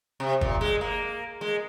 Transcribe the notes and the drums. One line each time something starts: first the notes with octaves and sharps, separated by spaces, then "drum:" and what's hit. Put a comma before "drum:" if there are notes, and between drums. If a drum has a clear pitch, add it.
C3
A#2, drum: kick
G#3
A#3
G#3